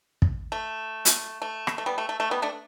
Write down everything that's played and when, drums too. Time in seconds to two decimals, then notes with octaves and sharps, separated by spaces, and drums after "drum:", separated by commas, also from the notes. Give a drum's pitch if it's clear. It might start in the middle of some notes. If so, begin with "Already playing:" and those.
0.22 drum: kick
0.52 A3
1.05 drum: hi-hat
1.42 A3
1.67 drum: rim click
1.78 A3
1.86 G3 B3
1.98 A3
2.09 A3
2.20 A3
2.31 G3 B3
2.42 A3 D4